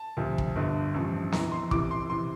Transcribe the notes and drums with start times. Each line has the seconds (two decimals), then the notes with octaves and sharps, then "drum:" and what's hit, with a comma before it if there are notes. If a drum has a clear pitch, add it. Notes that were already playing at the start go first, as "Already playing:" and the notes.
Already playing: A5
0.17 D2 C3 F3
0.38 drum: kick
0.56 G1 G2 D3
0.94 A1 G2 F3
1.32 G1 F2 E3 A#5, drum: snare
1.52 C6
1.71 C2 C3 E3 D6, drum: kick
1.91 C6
2.10 C3 E3 C6